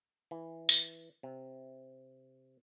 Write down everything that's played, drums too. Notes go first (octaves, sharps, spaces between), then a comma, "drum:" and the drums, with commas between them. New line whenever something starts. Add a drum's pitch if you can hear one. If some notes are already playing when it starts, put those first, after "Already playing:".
E3
drum: tambourine
C3